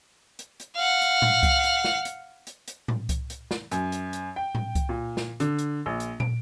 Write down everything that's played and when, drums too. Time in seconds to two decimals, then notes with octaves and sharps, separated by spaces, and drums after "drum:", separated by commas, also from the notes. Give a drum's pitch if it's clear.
0.39 drum: hi-hat
0.60 drum: hi-hat
0.75 F5 F#5
1.01 drum: hi-hat
1.22 drum: tom A2
1.43 drum: kick C2, hi-hat
1.64 drum: hi-hat
1.84 drum: snare
2.05 drum: hi-hat
2.47 drum: hi-hat
2.68 drum: hi-hat
2.88 drum: tom A2
3.09 drum: kick C2, hi-hat
3.30 drum: hi-hat
3.51 drum: snare
3.71 F#2, drum: hi-hat
3.92 drum: hi-hat
4.13 drum: hi-hat
4.36 G5
4.55 drum: tom A2
4.75 drum: kick C2, hi-hat
4.89 A#2
5.17 drum: snare
5.40 D3, drum: hi-hat
5.59 drum: hi-hat
5.86 A#1
6.00 drum: hi-hat
6.20 D7, drum: tom